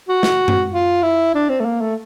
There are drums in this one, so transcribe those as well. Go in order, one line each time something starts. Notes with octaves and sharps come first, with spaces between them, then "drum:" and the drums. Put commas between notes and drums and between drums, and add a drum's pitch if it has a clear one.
F#4
drum: snare
drum: tom F#2
F4
E4
D4
C4
A3
A#3
A3